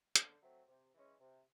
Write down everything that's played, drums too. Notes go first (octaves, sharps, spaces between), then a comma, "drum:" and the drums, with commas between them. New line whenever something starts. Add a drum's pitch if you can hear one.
D3, drum: hi-hat
F#3 A3 C4
C3
E3 G#3 C#4
C3